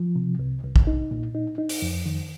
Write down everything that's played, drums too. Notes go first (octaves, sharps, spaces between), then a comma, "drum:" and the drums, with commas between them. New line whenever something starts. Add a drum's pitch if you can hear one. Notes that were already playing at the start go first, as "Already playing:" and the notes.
Already playing: F3
C3
C2
C2
drum: kick
D#4
A#2
D#4
D#4
drum: open hi-hat
F2
D#3